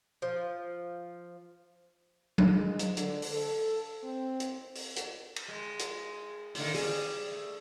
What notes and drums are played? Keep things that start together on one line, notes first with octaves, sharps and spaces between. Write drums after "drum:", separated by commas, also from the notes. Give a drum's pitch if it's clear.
F3
drum: tom F#3
G#3
drum: hi-hat
D3, drum: hi-hat
drum: open hi-hat
A4
C4
drum: hi-hat
drum: open hi-hat
drum: hi-hat
drum: cymbal
G#3
drum: hi-hat
A2 D3 D#3, drum: open hi-hat
G3 G#4, drum: open hi-hat
A3